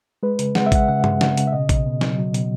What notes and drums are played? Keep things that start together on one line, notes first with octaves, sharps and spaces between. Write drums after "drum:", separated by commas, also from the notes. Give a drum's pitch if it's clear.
G#3 B4
C#3, drum: hi-hat
G#3 F#5, drum: snare
E5
G#3 F#5, drum: kick A1, hi-hat
C#3 F#5
G#3, drum: tom G2
C#3 F#5, drum: snare
C#3, drum: hi-hat
E5
B2 D#5
B2, drum: kick A1, hi-hat
B2
F#3, drum: snare
F#3
B2, drum: hi-hat